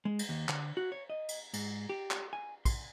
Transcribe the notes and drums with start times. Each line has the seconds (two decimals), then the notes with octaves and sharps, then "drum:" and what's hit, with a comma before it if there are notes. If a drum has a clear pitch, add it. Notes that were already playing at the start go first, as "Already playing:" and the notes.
0.05 G#3
0.19 drum: cymbal
0.29 D#2
0.49 D3, drum: clap
0.77 F#4
0.92 C#5
1.10 D#5
1.29 drum: cymbal
1.53 G#2, drum: cymbal
1.89 G4
2.11 drum: clap
2.33 G#5
2.65 C6, drum: kick, cymbal